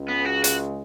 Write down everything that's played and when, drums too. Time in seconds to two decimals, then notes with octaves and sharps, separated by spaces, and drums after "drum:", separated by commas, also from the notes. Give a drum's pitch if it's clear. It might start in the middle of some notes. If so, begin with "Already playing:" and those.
Already playing: C#2 C#3 G#3
0.08 B3
0.25 F#4
0.44 F#4, drum: hi-hat